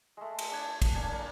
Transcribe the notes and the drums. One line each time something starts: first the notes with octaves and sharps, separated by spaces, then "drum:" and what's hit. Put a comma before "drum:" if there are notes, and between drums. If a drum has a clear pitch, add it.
G#3 A3
drum: cymbal
D4 G#5
drum: kick, cymbal
A#3 D4 G#5 A5
A#4 A5 A#5